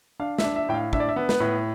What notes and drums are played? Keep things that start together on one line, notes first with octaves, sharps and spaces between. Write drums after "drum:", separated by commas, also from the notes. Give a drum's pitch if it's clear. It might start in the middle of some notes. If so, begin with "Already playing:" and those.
D4 F5
E5, drum: snare
D4
E5
A2 G5
F5
D4 E5, drum: kick
D5
E5
B3
B4, drum: snare
A2